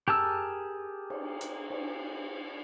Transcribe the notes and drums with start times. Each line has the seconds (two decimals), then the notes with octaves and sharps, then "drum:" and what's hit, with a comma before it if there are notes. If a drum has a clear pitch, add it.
0.08 G4 G#4 A#4 A5 E6, drum: tom F#2
1.10 drum: cymbal
1.41 drum: hi-hat
1.70 drum: cymbal